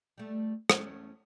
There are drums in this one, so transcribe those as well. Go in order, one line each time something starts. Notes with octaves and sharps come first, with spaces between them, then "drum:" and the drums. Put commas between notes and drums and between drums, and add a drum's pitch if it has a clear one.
G3 A3
E2 A3 C#4, drum: rim click